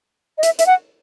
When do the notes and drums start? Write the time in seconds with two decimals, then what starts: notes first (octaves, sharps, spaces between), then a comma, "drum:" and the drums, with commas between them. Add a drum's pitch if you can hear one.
0.38 D#5
0.43 E5, drum: hi-hat
0.59 E5, drum: hi-hat
0.66 F#5